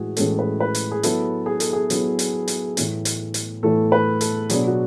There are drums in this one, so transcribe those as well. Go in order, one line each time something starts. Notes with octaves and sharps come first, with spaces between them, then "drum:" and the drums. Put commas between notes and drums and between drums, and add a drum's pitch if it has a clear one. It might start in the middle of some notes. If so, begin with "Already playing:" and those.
Already playing: A2 E3 G#3 F#4 G#4
A2 E3 G#3 C#4 A4, drum: hi-hat
B4
B4
drum: hi-hat
G#4
F#3 B3 E4 A4, drum: hi-hat
G#4
A4, drum: hi-hat
G#4
F#3 B3 E4, drum: hi-hat
drum: hi-hat
drum: hi-hat
A2 E3 A3, drum: hi-hat
drum: hi-hat
drum: hi-hat
A2 E3 A3 A4
B4
A4, drum: hi-hat
B2 F#3 B3 D4 G#4, drum: hi-hat
F#4